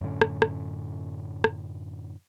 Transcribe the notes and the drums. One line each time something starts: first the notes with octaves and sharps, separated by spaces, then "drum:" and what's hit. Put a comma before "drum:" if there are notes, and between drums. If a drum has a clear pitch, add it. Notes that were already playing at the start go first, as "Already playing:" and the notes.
F#2 A2 D3 C#4
drum: rim click
drum: rim click
drum: rim click